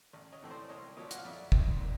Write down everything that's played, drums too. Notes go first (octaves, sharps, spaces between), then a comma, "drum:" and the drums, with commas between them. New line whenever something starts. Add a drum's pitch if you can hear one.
A1
C#5 D#5
A2 E3 A3 C4
C5 D5
C2 C#5 D#5
A#2 F3 C#5 D#5
F#5, drum: hi-hat
F5
F2 D5 E5
C3 D#3 G#3 C4, drum: kick
A#2